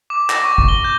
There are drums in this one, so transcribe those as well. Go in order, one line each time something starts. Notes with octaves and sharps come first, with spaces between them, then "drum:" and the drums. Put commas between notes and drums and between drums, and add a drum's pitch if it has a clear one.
D6
A#6, drum: clap
C#6
drum: kick
G7
G6